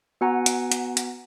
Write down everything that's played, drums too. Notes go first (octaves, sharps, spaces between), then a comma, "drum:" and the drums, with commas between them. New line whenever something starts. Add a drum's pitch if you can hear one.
B3 F#4 F#5 G#5 A#5
drum: hi-hat
drum: hi-hat
drum: hi-hat